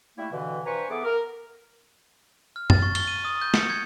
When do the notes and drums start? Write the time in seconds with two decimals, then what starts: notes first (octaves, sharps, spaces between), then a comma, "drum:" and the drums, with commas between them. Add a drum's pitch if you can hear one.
0.18 G3 A3 A#3 E4
0.32 G2 B2 D3 E3
0.65 G2 B4 C5 G#5 A#5 C#6
0.90 E3 B3 G#4 A4 D6
1.04 A#4
2.56 F6
2.70 A6, drum: tom F#2
2.82 C#6
2.95 G7, drum: cymbal
3.08 D#7
3.25 D#6
3.42 G6
3.54 C#7, drum: snare
3.70 G#6